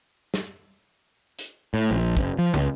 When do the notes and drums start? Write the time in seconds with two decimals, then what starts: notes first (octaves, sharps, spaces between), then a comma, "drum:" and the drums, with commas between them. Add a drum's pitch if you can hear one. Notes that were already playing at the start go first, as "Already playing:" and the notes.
0.34 drum: snare
1.39 drum: hi-hat
1.74 A2
1.91 A#1
2.17 F#1, drum: kick
2.38 F3
2.54 C#2, drum: tom